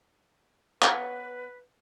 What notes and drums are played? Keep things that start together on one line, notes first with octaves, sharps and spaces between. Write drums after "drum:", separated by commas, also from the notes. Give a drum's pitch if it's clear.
B3 B4 C#5 F#5, drum: clap